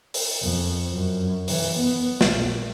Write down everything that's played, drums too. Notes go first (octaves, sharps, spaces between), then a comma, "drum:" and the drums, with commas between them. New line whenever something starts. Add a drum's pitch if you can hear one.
drum: open hi-hat
F2
F#2
E3, drum: open hi-hat
B3
A#1, drum: snare